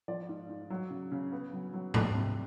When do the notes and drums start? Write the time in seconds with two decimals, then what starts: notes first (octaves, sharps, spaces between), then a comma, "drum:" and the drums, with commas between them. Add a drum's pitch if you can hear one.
0.08 F3 D5
0.29 G#2
0.49 G#2
0.70 F#3
0.90 C#3
1.12 C#3
1.32 B3
1.53 F#3
1.74 F#3
1.94 G3, drum: tom G#2
2.15 C3